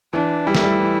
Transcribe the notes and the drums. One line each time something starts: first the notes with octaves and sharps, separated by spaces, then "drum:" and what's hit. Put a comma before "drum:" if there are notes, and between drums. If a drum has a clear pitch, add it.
E3 D4
G3 E4
A3, drum: snare
G3
E3